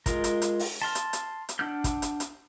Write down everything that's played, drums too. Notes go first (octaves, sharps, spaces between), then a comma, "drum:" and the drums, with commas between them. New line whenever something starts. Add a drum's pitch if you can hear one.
G#3 F4 A#4, drum: kick, hi-hat
drum: hi-hat
drum: hi-hat
drum: open hi-hat
A5 C6 F6
drum: hi-hat
drum: hi-hat
drum: hi-hat
D4 F#5 E6 F6 G6
drum: kick, hi-hat
drum: hi-hat
drum: hi-hat